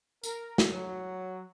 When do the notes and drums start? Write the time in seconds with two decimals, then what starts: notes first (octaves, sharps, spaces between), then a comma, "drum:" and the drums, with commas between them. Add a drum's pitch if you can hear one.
0.23 A#4, drum: tambourine
0.58 drum: snare
0.72 F#3